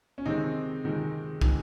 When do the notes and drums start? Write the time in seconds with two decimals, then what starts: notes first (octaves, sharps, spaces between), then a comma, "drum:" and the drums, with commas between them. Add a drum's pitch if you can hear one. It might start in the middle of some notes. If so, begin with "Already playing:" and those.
0.18 C#4
0.26 C3 D#3 G#3 C4 D#4
0.84 C3 D#3 G#3
1.41 C3 D#3 G#3, drum: kick